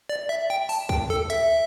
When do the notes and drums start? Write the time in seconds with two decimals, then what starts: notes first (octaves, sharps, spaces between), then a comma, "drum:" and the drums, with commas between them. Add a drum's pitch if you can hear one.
0.09 D5
0.29 E5
0.50 G5
0.69 A5, drum: open hi-hat
0.89 G5, drum: kick
1.10 A4
1.30 E5, drum: hi-hat